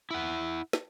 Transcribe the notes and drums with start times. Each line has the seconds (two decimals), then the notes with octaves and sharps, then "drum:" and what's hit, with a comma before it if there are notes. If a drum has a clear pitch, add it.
0.11 E4 F#5
0.73 drum: snare